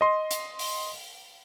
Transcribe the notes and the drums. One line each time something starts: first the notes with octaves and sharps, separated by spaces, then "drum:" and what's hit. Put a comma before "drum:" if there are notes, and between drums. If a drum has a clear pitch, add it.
D#5 C6
drum: hi-hat
drum: open hi-hat